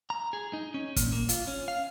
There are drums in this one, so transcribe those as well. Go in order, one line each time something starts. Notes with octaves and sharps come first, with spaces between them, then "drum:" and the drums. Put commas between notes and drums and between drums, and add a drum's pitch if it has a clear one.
A#5
G#4
D#4
C#4
A#2, drum: kick, hi-hat
A#3
F4, drum: hi-hat
C#4
F5